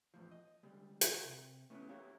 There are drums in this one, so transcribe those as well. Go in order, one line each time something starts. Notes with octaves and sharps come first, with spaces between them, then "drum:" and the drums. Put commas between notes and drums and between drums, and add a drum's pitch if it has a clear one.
E2 A2 F3
D#5
D2 G3 G#3
drum: hi-hat
C3
A3 B3 C#4 E4
E4 F#4 G4 A#4 C#5 F5